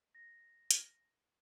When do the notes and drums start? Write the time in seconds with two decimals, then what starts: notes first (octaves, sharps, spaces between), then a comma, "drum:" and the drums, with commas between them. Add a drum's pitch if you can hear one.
0.15 A#6
0.71 drum: hi-hat